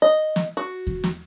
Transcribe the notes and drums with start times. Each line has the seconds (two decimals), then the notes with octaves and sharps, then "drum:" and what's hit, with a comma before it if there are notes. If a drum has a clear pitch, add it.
0.02 D#5
0.36 drum: snare
0.57 F#4
0.87 drum: kick E2
1.04 drum: snare